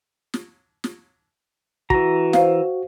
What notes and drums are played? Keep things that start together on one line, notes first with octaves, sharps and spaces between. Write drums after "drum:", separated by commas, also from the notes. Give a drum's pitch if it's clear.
drum: snare
drum: snare
E3 F#4 A#5, drum: kick
C5 F5, drum: snare